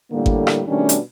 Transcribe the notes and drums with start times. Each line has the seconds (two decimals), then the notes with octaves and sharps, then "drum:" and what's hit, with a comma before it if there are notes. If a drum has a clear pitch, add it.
0.12 A2 D3 G3 A#3
0.26 drum: kick G#1
0.47 drum: rim click
0.68 B2 D#3 G3 A3 C#4 D4
0.89 drum: hi-hat